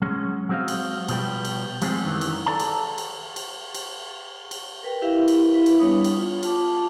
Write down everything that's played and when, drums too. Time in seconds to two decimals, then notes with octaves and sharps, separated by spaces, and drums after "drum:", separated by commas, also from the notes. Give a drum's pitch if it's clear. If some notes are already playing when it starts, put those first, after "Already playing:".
0.02 F#3 G#3 C#4
0.49 F#3 G#3 C4 F#4 D#5 F5
0.68 drum: cymbal
1.08 B2 F3 G3 B4 G5, drum: cymbal
1.45 drum: cymbal
1.82 F3 G3 G#3 C4 G#4, drum: cymbal
2.03 F#2 D#3 E3
2.21 drum: cymbal
2.46 A4 D5 A5 A#5
2.60 drum: cymbal
2.98 drum: cymbal
3.36 drum: cymbal
3.74 drum: cymbal
4.51 drum: cymbal
4.83 A#4 B4 G5
5.02 E4 G4 A#4 B4 E5 F5
5.28 drum: cymbal
5.53 E4 B4 E5
5.66 drum: cymbal
5.79 G3 B3 D4 C#5 B5 D#6
6.04 drum: cymbal
6.17 F4
6.43 F4 A5 D6, drum: cymbal